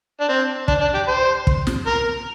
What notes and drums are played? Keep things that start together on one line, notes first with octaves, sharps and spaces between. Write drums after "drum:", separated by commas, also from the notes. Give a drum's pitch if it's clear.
D4
C4
D4, drum: kick
D4
G4
C5
drum: kick
drum: snare
A#4